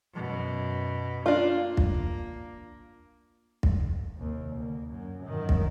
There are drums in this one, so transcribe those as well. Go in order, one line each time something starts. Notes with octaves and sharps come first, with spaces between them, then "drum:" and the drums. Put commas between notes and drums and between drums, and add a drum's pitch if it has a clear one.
F#2 B2
A#3 D4 F4
drum: kick
drum: kick
D#2 C3
D2 A#3
F#2
F#2 D#3
drum: kick